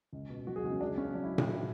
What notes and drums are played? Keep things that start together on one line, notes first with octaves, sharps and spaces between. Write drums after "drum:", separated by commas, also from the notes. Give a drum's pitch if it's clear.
C#2
B2
F#3 F#4
G#4
C#2 F#4
C#4
C#2 D4
C#3 C#4
F#3 D4
E4
drum: tom A#2